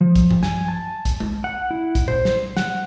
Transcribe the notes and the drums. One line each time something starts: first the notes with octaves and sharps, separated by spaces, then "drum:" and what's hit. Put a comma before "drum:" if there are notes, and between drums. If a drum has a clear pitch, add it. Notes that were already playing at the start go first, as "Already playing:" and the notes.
F3
drum: kick, hi-hat
drum: tom G2
G#5, drum: snare
A5
drum: kick, hi-hat
drum: tom G#3
F#5
E4
drum: kick, hi-hat
C5, drum: tom A#2
drum: snare
F#5, drum: snare